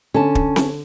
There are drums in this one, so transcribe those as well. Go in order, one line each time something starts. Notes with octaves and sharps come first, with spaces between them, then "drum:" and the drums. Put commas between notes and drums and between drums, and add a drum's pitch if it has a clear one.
D3 C#4 A5
drum: kick
drum: snare C4